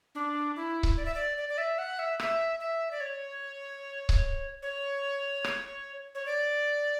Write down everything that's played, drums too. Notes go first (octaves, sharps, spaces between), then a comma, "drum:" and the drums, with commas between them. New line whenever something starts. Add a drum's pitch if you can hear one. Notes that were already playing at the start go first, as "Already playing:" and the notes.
D4
E4
drum: kick C#1
D5
E5
D5
D5
D5
E5
F#5
E5
E5, drum: rim click
E5
D5
C#5
drum: kick C#1
C#5
drum: rim click
C#5
D5